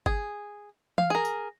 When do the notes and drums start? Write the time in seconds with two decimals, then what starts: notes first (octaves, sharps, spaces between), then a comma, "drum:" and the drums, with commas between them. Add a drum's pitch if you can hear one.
0.06 G#4, drum: kick G1
0.98 F5, drum: tom E3
1.10 G#4 A#4
1.25 drum: tambourine